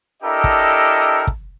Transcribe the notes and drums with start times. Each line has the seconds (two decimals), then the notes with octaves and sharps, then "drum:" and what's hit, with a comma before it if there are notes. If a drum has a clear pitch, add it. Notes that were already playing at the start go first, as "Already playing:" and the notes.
0.23 D4 E4 G4 A4 A#4 D#5
0.44 drum: kick
1.27 drum: kick